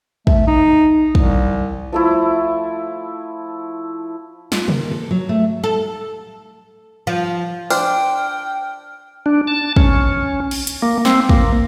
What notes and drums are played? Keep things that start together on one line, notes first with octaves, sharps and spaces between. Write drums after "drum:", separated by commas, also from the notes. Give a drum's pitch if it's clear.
A3, drum: kick
D#4
C2, drum: kick
F3 A3 E4
F4, drum: snare
A#3, drum: tom C3
A4
F#3
A3
A4
F3
D4 C5 G5 F6, drum: open hi-hat
D4
A5
C#4, drum: kick
drum: cymbal
drum: hi-hat
A#3
C4, drum: snare
A#3, drum: kick